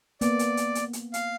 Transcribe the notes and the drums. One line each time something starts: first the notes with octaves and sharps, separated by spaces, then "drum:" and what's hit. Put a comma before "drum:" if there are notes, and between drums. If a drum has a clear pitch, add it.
A#3 B3 D5, drum: hi-hat
drum: hi-hat
drum: hi-hat
drum: hi-hat
drum: hi-hat
F5, drum: hi-hat